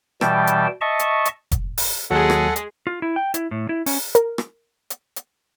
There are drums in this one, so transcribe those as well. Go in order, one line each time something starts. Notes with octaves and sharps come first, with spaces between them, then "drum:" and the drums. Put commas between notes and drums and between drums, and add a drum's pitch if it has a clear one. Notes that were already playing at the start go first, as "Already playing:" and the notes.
B2 E3 G3 G5 A5, drum: rim click
drum: hi-hat
D#5 E5 A5 C#6
drum: hi-hat
drum: hi-hat
drum: kick F1, hi-hat
drum: open hi-hat
D#2 F#3 G#3 G#4 A4 F#5
drum: rim click
drum: hi-hat
F4
E4
G5
E4, drum: hi-hat
A2
E4
C#4, drum: open hi-hat
A#4, drum: hi-hat
drum: rim click
drum: hi-hat
drum: hi-hat